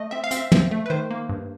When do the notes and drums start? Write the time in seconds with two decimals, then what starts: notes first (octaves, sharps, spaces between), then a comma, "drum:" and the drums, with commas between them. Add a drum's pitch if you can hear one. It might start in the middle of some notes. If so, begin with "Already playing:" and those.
Already playing: A3 D#5
0.11 C4 E5
0.24 F5
0.31 C4, drum: hi-hat
0.36 E5
0.52 C4, drum: tom
0.71 A3
0.86 B4
0.90 D#3 C5
1.11 A#3
1.29 G2